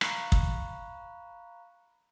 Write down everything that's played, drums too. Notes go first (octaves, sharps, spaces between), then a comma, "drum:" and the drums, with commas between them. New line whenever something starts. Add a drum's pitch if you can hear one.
F5 A#5 B5 C#6 F#6, drum: rim click
drum: kick